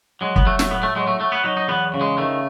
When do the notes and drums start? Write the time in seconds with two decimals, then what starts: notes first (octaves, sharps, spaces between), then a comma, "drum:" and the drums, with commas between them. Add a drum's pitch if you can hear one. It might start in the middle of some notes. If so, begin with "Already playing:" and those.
0.21 F#3 G#3
0.36 B3, drum: kick
0.46 F#3 A3
0.59 A3, drum: snare
0.71 A2 B3
0.83 A3
0.96 F#3 G#3
1.07 A3
1.20 F#3 A3
1.32 B3
1.44 F#3 D#4
1.57 D#4
1.68 E2 B3
1.94 C#3
2.01 G#3
2.18 D#3 A3